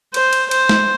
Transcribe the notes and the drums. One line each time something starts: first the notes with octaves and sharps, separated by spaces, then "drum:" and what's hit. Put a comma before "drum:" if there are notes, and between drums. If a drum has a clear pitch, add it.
C5, drum: cymbal
drum: cymbal
C5, drum: cymbal
drum: snare